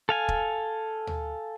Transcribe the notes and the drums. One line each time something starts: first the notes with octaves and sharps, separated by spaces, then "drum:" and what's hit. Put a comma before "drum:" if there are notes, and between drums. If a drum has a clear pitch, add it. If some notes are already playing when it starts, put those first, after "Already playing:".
A4 F5 G#5
drum: kick
drum: tom